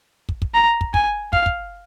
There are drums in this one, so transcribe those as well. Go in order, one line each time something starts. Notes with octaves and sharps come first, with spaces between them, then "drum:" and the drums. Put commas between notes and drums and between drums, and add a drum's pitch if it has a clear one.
drum: kick
drum: kick
A#5
drum: kick
G#5, drum: kick
F5, drum: kick
drum: kick